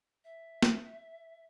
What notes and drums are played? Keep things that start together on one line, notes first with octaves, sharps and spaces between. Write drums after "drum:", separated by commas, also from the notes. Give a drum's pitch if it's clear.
E5
drum: snare